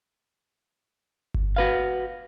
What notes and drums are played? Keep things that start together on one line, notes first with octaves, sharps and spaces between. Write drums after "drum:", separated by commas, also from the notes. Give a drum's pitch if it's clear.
drum: kick G1
F#4 B4 F5